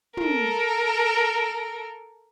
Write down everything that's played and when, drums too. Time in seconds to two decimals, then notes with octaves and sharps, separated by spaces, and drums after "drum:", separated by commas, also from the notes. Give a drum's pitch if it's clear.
0.17 A4 A#4, drum: tom